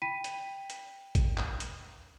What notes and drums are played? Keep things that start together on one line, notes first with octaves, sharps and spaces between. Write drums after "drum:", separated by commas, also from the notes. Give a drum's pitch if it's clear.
G5 B5 B6 D#7
drum: hi-hat
drum: hi-hat
drum: kick A1, hi-hat
drum: clap
drum: hi-hat